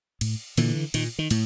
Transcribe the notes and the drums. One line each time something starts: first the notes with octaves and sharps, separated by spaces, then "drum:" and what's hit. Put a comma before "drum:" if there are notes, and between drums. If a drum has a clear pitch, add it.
A2, drum: cymbal
A#2 D3 E3, drum: cymbal
A#2 D#3, drum: cymbal
D#3
A2, drum: cymbal